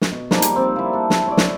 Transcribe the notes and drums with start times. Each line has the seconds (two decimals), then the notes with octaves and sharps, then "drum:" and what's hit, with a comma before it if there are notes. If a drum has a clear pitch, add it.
0.01 drum: snare
0.11 B2
0.31 F3 G3 A#3 D#4, drum: snare
0.42 drum: hi-hat
0.56 C4 D5
0.76 A#3 E4
0.93 D4 A4
1.10 drum: snare
1.27 C#5 D5
1.37 drum: snare